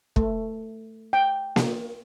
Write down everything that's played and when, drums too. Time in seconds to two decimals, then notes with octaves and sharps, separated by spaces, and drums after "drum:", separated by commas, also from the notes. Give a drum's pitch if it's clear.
0.16 A3, drum: kick
1.13 G5
1.56 A#3, drum: snare A#3